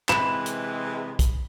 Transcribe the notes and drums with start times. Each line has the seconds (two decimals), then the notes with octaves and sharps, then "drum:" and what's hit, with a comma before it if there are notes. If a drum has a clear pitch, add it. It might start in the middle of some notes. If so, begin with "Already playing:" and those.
0.09 C3 E3 G#3 B5 E7, drum: clap
0.46 drum: hi-hat
1.19 drum: kick, hi-hat